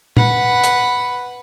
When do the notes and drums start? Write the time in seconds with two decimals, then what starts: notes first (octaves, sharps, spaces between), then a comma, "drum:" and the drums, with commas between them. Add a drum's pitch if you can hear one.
0.17 B4 F#5, drum: tom
0.64 drum: hi-hat